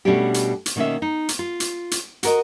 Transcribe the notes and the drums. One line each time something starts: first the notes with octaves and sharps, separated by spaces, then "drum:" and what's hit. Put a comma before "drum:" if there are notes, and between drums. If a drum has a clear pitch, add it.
B2 G3 A3 C#4 D4 G4
drum: hi-hat
drum: hi-hat
B2 D#3 A#3 C#4 D#5 E5
D#4
drum: hi-hat
F4
drum: hi-hat
drum: hi-hat
F#4 A#4 D#5, drum: hi-hat